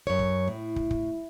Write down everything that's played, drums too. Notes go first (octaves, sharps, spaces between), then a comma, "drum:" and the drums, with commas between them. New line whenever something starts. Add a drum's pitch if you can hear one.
F#2 C#5
drum: kick
A2
drum: kick
drum: kick